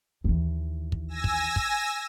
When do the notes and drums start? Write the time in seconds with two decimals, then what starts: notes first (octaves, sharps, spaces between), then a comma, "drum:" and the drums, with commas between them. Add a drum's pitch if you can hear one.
0.24 D#2 E3
0.92 drum: kick
1.08 G#5 E6 A#6
1.24 drum: kick
1.56 drum: kick